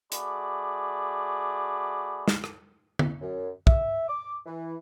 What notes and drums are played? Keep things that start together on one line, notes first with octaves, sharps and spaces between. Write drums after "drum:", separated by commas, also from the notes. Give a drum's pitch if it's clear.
A3 F#4 G#4 D5 B5 D6, drum: hi-hat
drum: snare
drum: rim click
drum: tom D3
F#2
E5, drum: kick
D6
E3